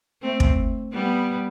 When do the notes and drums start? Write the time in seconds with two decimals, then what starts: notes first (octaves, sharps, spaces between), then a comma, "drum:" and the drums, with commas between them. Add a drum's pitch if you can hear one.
0.22 A3 C4
0.40 drum: kick
0.92 G3 B3